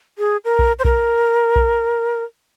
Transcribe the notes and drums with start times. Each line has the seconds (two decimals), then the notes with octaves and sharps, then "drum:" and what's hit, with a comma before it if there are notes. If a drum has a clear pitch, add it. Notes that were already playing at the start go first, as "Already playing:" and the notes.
0.18 G#4
0.45 A#4
0.59 drum: kick B1
0.79 C5
0.85 A#4, drum: kick B1
1.56 drum: kick B1